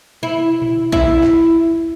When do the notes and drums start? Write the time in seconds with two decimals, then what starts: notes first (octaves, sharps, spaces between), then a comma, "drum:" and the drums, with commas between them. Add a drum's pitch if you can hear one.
0.23 E4
0.62 drum: tom A#2
0.92 E4, drum: kick
1.23 drum: snare